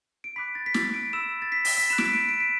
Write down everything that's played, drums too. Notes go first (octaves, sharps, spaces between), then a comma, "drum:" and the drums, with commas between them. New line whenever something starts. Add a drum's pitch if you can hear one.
D7
B5 D6 F#6 B6
A6
B6
A6, drum: snare
D7
B5 E6 E7
A6
B6
B6, drum: open hi-hat
B6
B5 F#6 E7
D7, drum: snare
B6
D7
D7
B6